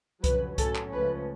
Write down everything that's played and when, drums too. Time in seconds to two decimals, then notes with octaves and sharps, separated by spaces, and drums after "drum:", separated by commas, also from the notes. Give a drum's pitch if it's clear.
0.24 F2 C#3 F#3 B4, drum: kick C2, hi-hat
0.58 A2 F#3 C#4 A4, drum: kick C2, hi-hat
0.75 drum: clap
0.92 C#2 C#3 F3 A3 C#4 B4